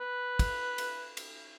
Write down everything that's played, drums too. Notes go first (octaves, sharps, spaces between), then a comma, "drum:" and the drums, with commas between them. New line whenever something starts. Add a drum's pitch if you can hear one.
B4
drum: kick, cymbal
drum: cymbal
drum: cymbal